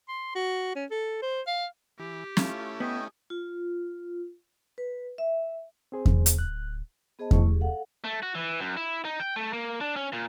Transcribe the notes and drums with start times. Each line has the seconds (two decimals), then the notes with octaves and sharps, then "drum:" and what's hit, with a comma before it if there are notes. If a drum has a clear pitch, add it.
0.08 C6
0.35 F#4
0.76 C#4
0.91 A4
1.22 C5
1.47 F5
1.99 E3 G4
2.37 A3 C#4 E4 F4, drum: snare
2.80 B3 D#5 G5 G#5
3.30 F4
4.78 B4
5.18 E5
5.92 C4 G#4 C5
6.06 drum: kick E2
6.26 drum: hi-hat
6.39 D1 F#6
7.19 B3 G#4 C5 D#5 A5
7.31 A3 E4 C#6, drum: kick E2
7.45 G4 G#4
7.61 A4 F5 F#5
8.04 A3
8.23 F#4
8.35 E3
8.60 F#2
8.77 E4
9.05 D#4
9.20 G5
9.36 A3
9.53 A#3
9.81 D4
9.96 C#4
10.13 A#2